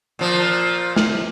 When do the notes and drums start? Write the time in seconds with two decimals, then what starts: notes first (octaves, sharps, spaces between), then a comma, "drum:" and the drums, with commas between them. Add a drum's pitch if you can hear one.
0.19 A#2 F3
0.96 drum: snare